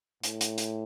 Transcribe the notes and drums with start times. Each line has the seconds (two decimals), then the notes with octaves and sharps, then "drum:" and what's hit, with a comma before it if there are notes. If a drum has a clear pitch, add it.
0.23 A2, drum: hi-hat
0.41 drum: hi-hat
0.58 drum: hi-hat